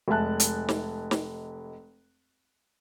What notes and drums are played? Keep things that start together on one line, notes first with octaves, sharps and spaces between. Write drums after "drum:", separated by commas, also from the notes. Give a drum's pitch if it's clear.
F1 G#3 E5 G#5 A5 F#6
drum: hi-hat
drum: snare
drum: snare